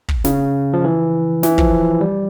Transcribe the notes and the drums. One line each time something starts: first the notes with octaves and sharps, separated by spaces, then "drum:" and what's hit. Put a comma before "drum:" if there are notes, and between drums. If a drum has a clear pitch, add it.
drum: kick
C#3, drum: snare
F3
E3
E3, drum: snare
F3, drum: kick
G3